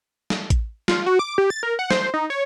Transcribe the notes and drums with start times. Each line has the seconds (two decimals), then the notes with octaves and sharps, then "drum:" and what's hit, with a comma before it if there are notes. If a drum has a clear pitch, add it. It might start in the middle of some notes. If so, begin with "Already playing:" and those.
0.30 drum: snare
0.50 drum: kick A1, hi-hat
0.88 F4, drum: snare
1.06 F#4
1.19 D6
1.38 G4
1.50 A6
1.63 A#4
1.79 F#5
1.91 C5, drum: snare
2.14 D#4
2.30 C#5